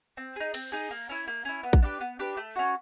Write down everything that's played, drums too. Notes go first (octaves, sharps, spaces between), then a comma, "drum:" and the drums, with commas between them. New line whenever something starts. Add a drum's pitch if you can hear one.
C4
D#4 G#4
C4, drum: cymbal
D#4 G#4
A#3
C#4 E4
A#3
C#4 E4
B3
drum: kick
D4 G4 B4
B3
D4 G4 B4
A3
C#4 F#4